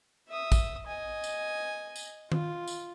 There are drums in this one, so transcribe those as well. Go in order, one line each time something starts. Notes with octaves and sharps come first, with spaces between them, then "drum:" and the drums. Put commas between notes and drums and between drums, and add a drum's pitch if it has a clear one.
E5 D#6
drum: kick, tambourine
D#5 G#5
drum: tambourine
drum: tambourine
F4, drum: tom D#3
drum: tambourine